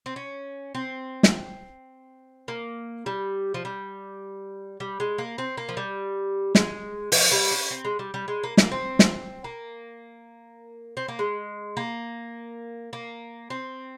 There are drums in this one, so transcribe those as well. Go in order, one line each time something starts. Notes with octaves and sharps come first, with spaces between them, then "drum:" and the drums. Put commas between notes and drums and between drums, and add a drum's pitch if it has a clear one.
C4
C#4
C4
drum: snare
A#3
G3
F3
G3
G3
G#3
A#3
C4
A#3
F3
G3
G#3, drum: snare
F3, drum: open hi-hat
G3
C#4
C4
G#3
G3
G3
G#3
A#3
A#3, drum: snare
C4
drum: snare
A#3
C4
A#3
G#3
A#3
A#3
C4